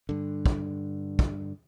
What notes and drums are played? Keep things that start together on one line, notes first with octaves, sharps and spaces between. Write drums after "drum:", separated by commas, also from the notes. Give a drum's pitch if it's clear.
G2 D3
drum: kick
drum: kick